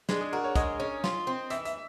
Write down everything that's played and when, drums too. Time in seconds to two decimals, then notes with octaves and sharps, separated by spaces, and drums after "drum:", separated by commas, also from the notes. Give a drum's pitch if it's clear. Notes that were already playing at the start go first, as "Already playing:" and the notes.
0.09 G#3 D4, drum: snare
0.21 G#4
0.33 F#4 A#4
0.44 C#5
0.56 G#3 D#5, drum: kick, hi-hat
0.80 C#4
1.04 F4, drum: snare
1.27 C4
1.50 E3 E5, drum: hi-hat
1.65 E5, drum: hi-hat